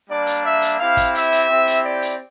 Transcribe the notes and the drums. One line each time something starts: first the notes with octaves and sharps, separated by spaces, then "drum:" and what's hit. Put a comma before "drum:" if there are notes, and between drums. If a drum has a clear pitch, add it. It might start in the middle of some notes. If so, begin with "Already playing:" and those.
G3 A#3 D4 D5
drum: hi-hat
E5
drum: hi-hat
C4 E4 G4 F5
drum: kick, hi-hat
E5, drum: hi-hat
drum: hi-hat
C4 E4 G4
drum: hi-hat
D5
drum: hi-hat